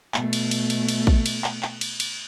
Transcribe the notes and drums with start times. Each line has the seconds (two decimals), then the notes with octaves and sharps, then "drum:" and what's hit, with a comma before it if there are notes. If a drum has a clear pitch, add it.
0.14 B2 A3, drum: clap
0.33 drum: cymbal
0.51 drum: cymbal
0.70 drum: cymbal
0.89 drum: cymbal
1.07 drum: kick
1.26 drum: cymbal
1.44 drum: clap
1.63 drum: clap
1.81 drum: cymbal
2.00 drum: cymbal